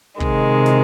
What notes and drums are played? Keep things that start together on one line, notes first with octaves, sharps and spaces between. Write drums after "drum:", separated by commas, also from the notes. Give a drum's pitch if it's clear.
C3 D#3 G#3, drum: kick
drum: snare